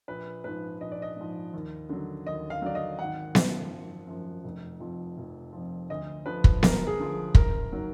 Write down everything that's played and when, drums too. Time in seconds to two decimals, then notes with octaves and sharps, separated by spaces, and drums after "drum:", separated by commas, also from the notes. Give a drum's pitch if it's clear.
0.08 A#1 B4
0.44 G#2 F3 B4
0.80 A#1 D#5
0.92 D5
1.02 D#5
1.17 G#2 F3
1.54 D#2
1.89 D3 F#3
2.26 D#2 D#5
2.50 F5
2.62 D3 F#3 D5
2.75 D#5
2.99 G#1 F#5
3.35 F#2 F3, drum: snare B3
3.71 G#1
4.07 F#2 F3
4.44 F1
4.80 F2 F3
5.18 F1
5.53 F2 F3
5.90 D2 D#5
6.26 D3 F3 B4
6.44 drum: kick
6.63 D2 A#4, drum: snare B3
6.87 G#4
6.99 D3 F3
7.35 F#1 A#4, drum: kick
7.72 D#3 F#3